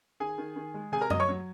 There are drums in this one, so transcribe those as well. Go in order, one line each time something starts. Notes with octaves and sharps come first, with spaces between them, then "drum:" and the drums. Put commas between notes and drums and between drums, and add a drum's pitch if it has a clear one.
D#3 G#4 G#5
D#3
D#3
G#3
C3 G#4 G#5
A#4 A#5
F#3 D#5 D#6, drum: tom F#2
C#5 C#6
F#3